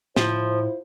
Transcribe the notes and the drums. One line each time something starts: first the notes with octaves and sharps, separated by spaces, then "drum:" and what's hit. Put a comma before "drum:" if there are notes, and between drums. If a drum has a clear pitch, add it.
A2 F3 E4 F4 C5, drum: snare